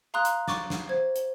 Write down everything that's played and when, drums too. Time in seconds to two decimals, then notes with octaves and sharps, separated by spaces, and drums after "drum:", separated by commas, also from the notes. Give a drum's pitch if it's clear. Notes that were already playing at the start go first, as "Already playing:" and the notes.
0.14 F5 A#5 C6 D#6 F#6
0.25 drum: hi-hat
0.48 C#6 D6 A6, drum: snare
0.70 drum: snare
0.89 C5 G#6
1.16 drum: hi-hat